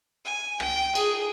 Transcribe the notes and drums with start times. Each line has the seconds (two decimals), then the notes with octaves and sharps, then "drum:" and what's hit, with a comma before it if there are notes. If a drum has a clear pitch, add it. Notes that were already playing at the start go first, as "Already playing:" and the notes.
0.25 G#5
0.60 G5, drum: rim click
0.95 G#4, drum: cymbal